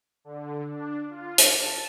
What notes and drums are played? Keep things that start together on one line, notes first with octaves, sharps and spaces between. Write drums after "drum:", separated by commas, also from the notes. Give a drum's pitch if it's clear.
D3
D4
F4
drum: hi-hat
A5